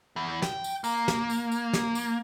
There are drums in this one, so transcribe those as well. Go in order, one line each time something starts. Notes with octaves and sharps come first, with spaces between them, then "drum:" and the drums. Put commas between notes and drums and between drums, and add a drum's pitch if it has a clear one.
E2 E3
G5, drum: snare
drum: tambourine
A#3, drum: tambourine
drum: snare
drum: tambourine
drum: tambourine
drum: snare
drum: tambourine